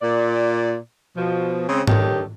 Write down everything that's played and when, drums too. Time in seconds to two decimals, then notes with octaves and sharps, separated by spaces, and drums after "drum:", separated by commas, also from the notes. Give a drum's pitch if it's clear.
0.02 A#2 D5
1.16 B2 F3
1.69 C#3 G#3 C4
1.87 G2 D#3 G4 A4 C#5, drum: tom G#2